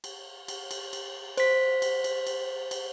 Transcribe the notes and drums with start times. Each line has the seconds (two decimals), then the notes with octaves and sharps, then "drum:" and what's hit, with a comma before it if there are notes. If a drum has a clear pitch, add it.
0.04 drum: cymbal
0.48 drum: cymbal
0.71 drum: cymbal
0.93 drum: cymbal
1.37 C5 B6, drum: cymbal
1.82 drum: cymbal
2.04 drum: cymbal
2.27 drum: cymbal
2.71 drum: cymbal